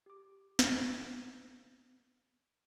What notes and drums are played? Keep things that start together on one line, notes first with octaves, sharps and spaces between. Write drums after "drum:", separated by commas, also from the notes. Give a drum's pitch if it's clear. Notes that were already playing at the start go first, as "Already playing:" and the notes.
G4 D6
drum: snare